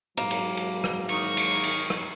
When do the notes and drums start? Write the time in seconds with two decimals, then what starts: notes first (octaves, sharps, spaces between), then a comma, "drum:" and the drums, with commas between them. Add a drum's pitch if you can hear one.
0.17 G#2 E3 F#3 A#3
0.31 drum: cymbal
0.57 drum: cymbal
0.84 drum: rim click
1.09 D#3 A#5 C#6, drum: cymbal
1.37 drum: cymbal
1.64 drum: cymbal
1.90 drum: rim click